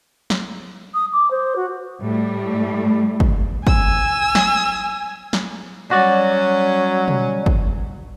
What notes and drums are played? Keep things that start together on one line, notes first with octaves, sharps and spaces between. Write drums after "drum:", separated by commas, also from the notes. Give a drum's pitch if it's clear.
drum: snare
D#6
D6
C5
F#4
A2 G3 A3
drum: kick
G#5 E6, drum: kick
drum: snare
drum: snare
F#3 G3 C#4 F#4 D5
drum: tom B2
drum: kick